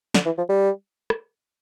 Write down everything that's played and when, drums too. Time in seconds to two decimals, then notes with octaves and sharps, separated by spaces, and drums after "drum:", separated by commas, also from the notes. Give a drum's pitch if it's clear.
0.14 D3, drum: snare
0.26 E3
0.38 F3
0.49 G3
1.10 drum: rim click